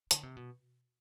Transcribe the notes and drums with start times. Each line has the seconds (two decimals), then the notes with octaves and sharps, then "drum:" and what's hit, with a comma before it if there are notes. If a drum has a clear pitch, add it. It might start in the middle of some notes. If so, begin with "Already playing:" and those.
0.11 D3, drum: hi-hat
0.23 C3
0.36 B2